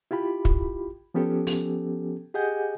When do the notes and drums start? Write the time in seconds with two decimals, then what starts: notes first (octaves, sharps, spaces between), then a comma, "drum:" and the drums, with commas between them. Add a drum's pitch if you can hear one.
0.11 E4 F4 G4 B5
0.45 drum: kick
1.14 F3 B3 C#4 G4 A4
1.47 drum: open hi-hat
2.34 G4 G#4 D#5 F#5 G#5 G6